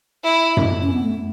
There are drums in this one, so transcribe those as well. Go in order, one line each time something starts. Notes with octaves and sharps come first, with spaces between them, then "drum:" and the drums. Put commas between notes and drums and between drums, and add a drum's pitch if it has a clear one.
E4
drum: tom F#2
C#4
B3
A3